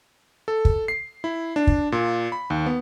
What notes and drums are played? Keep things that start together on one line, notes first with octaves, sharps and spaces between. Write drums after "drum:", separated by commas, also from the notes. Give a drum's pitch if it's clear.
A4
drum: kick
C7
E4
D4
drum: kick
A#2
B5
D#2
B3